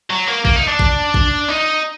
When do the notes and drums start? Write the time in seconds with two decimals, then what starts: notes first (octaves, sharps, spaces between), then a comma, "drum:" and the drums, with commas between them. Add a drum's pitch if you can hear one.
0.10 F#3
0.27 A#3
0.45 A#3, drum: kick A1
0.56 D#4
0.68 D4
0.79 drum: kick A1
1.14 drum: kick A1
1.49 D#4